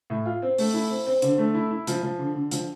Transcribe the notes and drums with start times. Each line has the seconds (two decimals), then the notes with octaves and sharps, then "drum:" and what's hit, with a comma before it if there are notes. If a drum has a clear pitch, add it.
0.10 A2
0.25 F4
0.42 C4
0.58 A3, drum: open hi-hat
0.74 E4
0.90 C4
1.07 C4
1.22 D3, drum: hi-hat
1.38 A3
1.55 E4
1.71 E4
1.87 F3, drum: hi-hat
2.03 F3
2.18 D3
2.35 D3
2.51 F3, drum: hi-hat